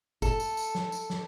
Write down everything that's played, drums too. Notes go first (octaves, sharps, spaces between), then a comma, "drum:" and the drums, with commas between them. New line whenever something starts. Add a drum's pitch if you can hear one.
A4, drum: kick, tambourine
drum: tambourine
drum: tambourine
drum: snare
drum: tambourine
drum: snare